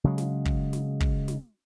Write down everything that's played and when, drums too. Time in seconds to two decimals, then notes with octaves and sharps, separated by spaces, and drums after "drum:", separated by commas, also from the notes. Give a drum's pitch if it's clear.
0.04 C#3 F#3 G#3
0.18 drum: snare
0.45 drum: kick
0.73 drum: snare
1.00 drum: kick
1.28 drum: snare